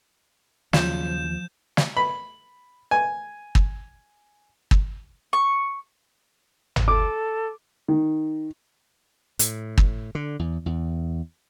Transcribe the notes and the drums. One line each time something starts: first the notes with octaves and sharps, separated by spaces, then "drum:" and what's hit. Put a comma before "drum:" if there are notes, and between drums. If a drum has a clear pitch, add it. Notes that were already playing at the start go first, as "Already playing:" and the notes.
D#2 C#3 F3 F#3 F4 G6 E7, drum: snare
drum: snare
B5
G#5
drum: kick
drum: kick
C#6
drum: tom
A4 D6
D#3
A2, drum: hi-hat
drum: kick
D3
E2
E2